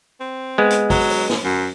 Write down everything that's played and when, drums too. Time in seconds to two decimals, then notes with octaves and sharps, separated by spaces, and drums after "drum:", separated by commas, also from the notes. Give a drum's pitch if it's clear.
0.20 C4
0.58 G#3 B3
0.70 drum: hi-hat
0.90 F#3, drum: kick, open hi-hat
1.10 drum: open hi-hat
1.29 drum: snare
1.44 F#2